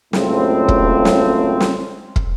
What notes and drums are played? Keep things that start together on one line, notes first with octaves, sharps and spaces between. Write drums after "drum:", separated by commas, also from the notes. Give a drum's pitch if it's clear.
F#1 C#2 A2 C#3 A3 C4, drum: snare
drum: kick
drum: snare
drum: snare
drum: kick